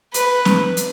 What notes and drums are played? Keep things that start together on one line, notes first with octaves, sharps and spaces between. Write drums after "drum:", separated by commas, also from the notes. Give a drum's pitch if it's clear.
B4, drum: hi-hat
drum: snare C4
drum: hi-hat